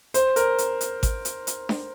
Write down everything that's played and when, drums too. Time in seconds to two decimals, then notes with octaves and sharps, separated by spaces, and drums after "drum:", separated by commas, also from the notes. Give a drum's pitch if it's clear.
0.14 C5, drum: hi-hat
0.36 A#4, drum: hi-hat
0.58 drum: hi-hat
0.81 drum: hi-hat
1.03 drum: kick G#1, hi-hat
1.25 drum: hi-hat
1.47 drum: hi-hat
1.69 drum: snare D4